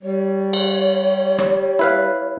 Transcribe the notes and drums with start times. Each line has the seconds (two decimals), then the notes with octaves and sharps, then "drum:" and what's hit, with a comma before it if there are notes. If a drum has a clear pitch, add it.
0.03 G3 C#5
0.53 drum: cymbal
1.38 drum: rim click
1.79 E4 B4 F5